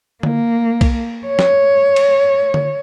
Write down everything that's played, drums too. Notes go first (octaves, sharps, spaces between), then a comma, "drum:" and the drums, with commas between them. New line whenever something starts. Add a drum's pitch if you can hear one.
A#3, drum: tom D3
drum: kick B1, cymbal
C#5
drum: snare
drum: cymbal
drum: tom D3